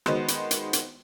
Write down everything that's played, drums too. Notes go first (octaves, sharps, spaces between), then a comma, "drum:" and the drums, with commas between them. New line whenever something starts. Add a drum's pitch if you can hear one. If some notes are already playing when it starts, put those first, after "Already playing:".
D#3 G#3 B3 F#4 C5, drum: rim click
drum: hi-hat
drum: hi-hat
drum: hi-hat